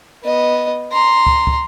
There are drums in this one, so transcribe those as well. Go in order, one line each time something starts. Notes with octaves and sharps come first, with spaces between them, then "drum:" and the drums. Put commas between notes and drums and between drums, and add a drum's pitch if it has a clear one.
B3 D#5
A#5 C6
drum: kick
drum: kick